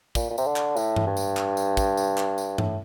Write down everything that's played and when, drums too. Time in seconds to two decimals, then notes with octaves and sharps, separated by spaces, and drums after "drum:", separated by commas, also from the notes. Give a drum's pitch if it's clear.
0.15 A#2, drum: kick, tambourine
0.30 A#2
0.38 C3, drum: tambourine
0.46 D3
0.56 drum: clap
0.76 A2, drum: tambourine
0.96 drum: tom G2
1.07 G2
1.17 drum: tambourine
1.37 drum: clap
1.57 drum: tambourine
1.77 drum: kick, tambourine
1.97 drum: tambourine
2.18 drum: clap
2.38 drum: tambourine
2.58 A2, drum: tom G2